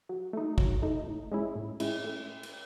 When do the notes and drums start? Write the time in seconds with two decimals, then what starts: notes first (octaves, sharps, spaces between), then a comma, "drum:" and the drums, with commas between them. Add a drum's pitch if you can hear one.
0.09 F#3
0.33 A3 D#4
0.58 F#3, drum: kick
0.82 A3 D#4
1.07 A2
1.32 G#3 C#4 E4
1.55 A2
1.80 G#3 C#4 E4, drum: cymbal
2.05 A3
2.43 drum: cymbal